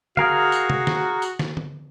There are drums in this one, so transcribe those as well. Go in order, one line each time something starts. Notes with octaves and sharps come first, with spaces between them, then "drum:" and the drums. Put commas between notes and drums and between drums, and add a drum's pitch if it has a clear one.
F#4 G#4 A#4 F5, drum: tom D3
drum: tambourine
drum: tom
drum: snare
drum: tambourine
drum: snare
drum: tom D3